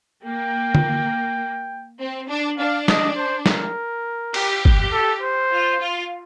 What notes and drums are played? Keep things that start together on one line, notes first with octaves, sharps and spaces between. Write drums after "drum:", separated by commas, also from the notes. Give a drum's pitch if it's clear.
A#3 G5
drum: tom
C4
D4
D4 F5
D#5, drum: snare
C5
A#4, drum: snare
G4, drum: cymbal
drum: kick
A4
C5
F4
F4